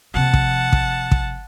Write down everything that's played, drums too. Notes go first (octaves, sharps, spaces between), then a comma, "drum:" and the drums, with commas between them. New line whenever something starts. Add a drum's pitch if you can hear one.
C3 F3 F#5 A5
drum: kick
drum: kick
drum: kick